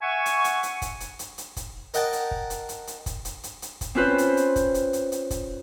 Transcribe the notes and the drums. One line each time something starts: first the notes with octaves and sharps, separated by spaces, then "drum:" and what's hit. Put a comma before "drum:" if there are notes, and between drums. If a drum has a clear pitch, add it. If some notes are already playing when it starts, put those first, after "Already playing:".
E5 F#5 G#5 C#6
drum: hi-hat
drum: hi-hat
drum: hi-hat
drum: kick, hi-hat
drum: hi-hat
drum: hi-hat
drum: hi-hat
drum: kick, hi-hat
A#4 D#5 F#5 G5 A5, drum: hi-hat
drum: hi-hat
drum: kick
drum: hi-hat
drum: hi-hat
drum: hi-hat
drum: kick, hi-hat
drum: hi-hat
drum: hi-hat
drum: hi-hat
drum: kick, hi-hat
C4 C#4 F4 B4 C5
drum: hi-hat
drum: hi-hat
drum: kick, hi-hat
drum: hi-hat
drum: hi-hat
drum: hi-hat
drum: kick, hi-hat